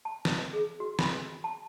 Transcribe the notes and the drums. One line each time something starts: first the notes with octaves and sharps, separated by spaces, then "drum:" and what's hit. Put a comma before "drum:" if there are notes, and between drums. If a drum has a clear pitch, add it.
A5
drum: snare
G#4
F#4
B5, drum: snare
A5